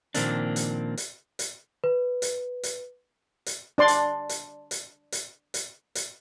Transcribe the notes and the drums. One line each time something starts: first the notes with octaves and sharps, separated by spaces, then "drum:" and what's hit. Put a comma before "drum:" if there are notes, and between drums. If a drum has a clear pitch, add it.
A#2 D#3 F3 A#3 C4 D4, drum: hi-hat
drum: hi-hat
drum: hi-hat
drum: hi-hat
B4
drum: hi-hat
drum: hi-hat
drum: hi-hat
D4 D5 C6
drum: hi-hat
drum: hi-hat
drum: hi-hat
drum: hi-hat
drum: hi-hat
drum: hi-hat